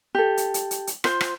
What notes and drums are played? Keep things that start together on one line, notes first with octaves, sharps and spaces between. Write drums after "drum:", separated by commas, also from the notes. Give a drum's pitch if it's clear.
G4 A4
drum: hi-hat
drum: hi-hat
drum: hi-hat
drum: hi-hat
F4 C5, drum: rim click
drum: rim click